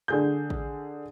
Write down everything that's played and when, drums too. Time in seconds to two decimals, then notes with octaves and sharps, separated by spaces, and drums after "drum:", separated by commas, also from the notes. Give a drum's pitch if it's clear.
0.08 D3 G#4 G6
0.50 drum: kick